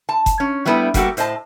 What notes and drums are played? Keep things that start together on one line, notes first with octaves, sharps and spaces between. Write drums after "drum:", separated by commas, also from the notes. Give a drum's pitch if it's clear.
A5
drum: kick F#1, hi-hat
C#4
F#3 G3 A3 B3 D4 E4
G3 A#3 B3 F#4 G4 A4, drum: kick F#1, hi-hat
A2 C5 D#5 A5, drum: hi-hat